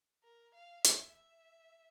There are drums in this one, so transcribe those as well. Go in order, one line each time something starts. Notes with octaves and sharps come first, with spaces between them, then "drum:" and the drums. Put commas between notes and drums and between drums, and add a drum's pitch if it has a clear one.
A#4
F5
E5, drum: hi-hat
E5